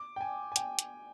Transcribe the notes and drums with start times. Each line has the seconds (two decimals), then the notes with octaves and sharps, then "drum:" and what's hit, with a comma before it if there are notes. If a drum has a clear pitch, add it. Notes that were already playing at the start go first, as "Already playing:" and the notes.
Already playing: D6
0.16 G5
0.21 G#5
0.52 G#5
0.56 G5, drum: hi-hat
0.79 drum: hi-hat